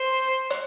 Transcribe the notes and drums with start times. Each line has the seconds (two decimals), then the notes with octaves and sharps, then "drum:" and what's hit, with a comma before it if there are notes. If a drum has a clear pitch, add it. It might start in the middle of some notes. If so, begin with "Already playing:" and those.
Already playing: C5
0.50 drum: hi-hat